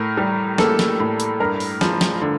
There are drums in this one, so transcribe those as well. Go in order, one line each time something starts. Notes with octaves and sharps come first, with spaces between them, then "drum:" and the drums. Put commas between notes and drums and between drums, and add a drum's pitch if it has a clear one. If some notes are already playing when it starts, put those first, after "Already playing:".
Already playing: A2 A#4
G3
A#3 A4, drum: snare
drum: snare
A2
drum: hi-hat
G2 A#4
drum: open hi-hat
F3, drum: snare
drum: snare
D3